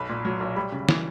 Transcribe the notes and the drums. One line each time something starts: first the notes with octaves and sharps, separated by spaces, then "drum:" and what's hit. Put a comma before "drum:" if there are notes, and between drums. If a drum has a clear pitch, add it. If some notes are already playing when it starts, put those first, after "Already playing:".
Already playing: B1 B5
A#2
F#3
B1
G3 B5
C#3
E3, drum: snare